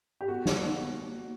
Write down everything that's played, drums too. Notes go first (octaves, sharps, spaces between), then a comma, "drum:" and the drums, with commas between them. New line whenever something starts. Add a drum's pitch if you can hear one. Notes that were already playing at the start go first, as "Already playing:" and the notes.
G4
B3 F#4
A#3, drum: snare
B3
B3
A#3
A#3